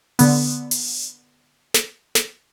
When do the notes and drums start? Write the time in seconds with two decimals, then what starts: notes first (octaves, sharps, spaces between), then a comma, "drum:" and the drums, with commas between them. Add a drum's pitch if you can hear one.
0.19 D3 B3, drum: open hi-hat
0.71 drum: open hi-hat
1.74 drum: snare
2.15 drum: snare